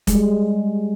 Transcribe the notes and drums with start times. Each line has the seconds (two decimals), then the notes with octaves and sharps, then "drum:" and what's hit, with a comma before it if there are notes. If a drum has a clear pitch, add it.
0.07 G3 G#3, drum: kick F1, hi-hat